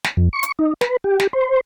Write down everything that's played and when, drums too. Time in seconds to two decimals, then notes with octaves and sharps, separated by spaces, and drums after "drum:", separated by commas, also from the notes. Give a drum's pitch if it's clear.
0.04 drum: snare
0.17 F2
0.33 C#6
0.43 drum: hi-hat
0.59 D#4
0.81 B4, drum: snare
1.04 G4
1.20 drum: snare
1.33 C5